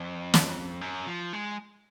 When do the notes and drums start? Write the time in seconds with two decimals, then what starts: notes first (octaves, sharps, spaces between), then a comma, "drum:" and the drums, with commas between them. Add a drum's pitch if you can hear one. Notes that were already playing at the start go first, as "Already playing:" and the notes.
Already playing: F2
0.34 drum: snare
0.81 F#2
1.07 F3
1.33 G#3